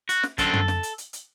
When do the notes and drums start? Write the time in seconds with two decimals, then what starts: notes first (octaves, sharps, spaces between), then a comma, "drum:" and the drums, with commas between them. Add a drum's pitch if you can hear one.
0.09 F#4, drum: hi-hat
0.23 drum: snare
0.38 F#2 D3 A3 C4 A4, drum: kick, hi-hat
0.53 drum: tom
0.68 drum: snare
0.83 drum: hi-hat
0.98 drum: hi-hat
1.13 drum: hi-hat